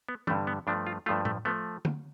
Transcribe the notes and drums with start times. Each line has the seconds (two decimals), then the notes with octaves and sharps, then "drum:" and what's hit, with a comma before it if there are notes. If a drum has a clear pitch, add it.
0.09 B3
0.27 G2 D3 G3 A3, drum: tom E3
0.47 B3
0.67 G2 F3 A3 D4
0.87 F4
1.06 G2 F3 A3 F4
1.25 A3, drum: tom A2
1.45 F3 A3 B3
1.85 drum: tom